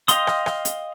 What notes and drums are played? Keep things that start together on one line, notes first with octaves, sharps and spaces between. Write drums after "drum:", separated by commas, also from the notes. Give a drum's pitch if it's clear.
D#5 F5 G5 C6 D#6, drum: hi-hat
drum: rim click
drum: rim click
drum: hi-hat